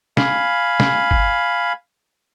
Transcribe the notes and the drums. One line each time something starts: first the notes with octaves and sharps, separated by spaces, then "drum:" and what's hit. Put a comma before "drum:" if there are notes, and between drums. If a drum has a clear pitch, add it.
F5 G#5 B5, drum: snare
drum: snare
drum: kick G1